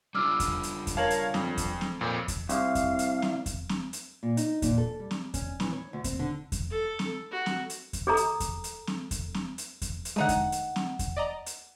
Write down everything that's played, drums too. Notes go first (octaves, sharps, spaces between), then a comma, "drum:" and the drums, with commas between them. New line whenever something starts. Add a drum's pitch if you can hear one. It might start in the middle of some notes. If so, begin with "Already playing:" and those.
G3 D4 F4 D6 E6 F6
drum: kick E2, hi-hat
drum: hi-hat
drum: kick E2, hi-hat
A#4 C#5 F5 A5 G#6 F#7
drum: hi-hat
F2, drum: snare C4
drum: kick E2, hi-hat
drum: snare C4
F2 A#2 A#3 C5 C#5
drum: kick E2, hi-hat
C2 F5, drum: hi-hat
drum: kick E2, hi-hat
drum: hi-hat
drum: snare C4
drum: kick E2, hi-hat
drum: snare C4
drum: hi-hat
A#2
D#4, drum: hi-hat
A#2, drum: kick E2, hi-hat
A4
G3
drum: snare C4
C#4, drum: kick E2, hi-hat
E3, drum: snare C4
C#5
D2
C4, drum: kick E2, hi-hat
D3
drum: kick E2, hi-hat
A4
drum: snare C4
F#4
drum: snare C4
drum: hi-hat
drum: kick E2, hi-hat
G#4 A4 A#5
drum: hi-hat
drum: kick E2, hi-hat
drum: hi-hat
drum: snare C4
drum: kick E2, hi-hat
drum: snare C4
drum: hi-hat
drum: kick E2, hi-hat
drum: hi-hat
D3 G#3 A3 D#4 F#5
drum: kick E2, hi-hat
drum: hi-hat
drum: snare C4
drum: kick E2, hi-hat
D5 D#5 A#5
drum: hi-hat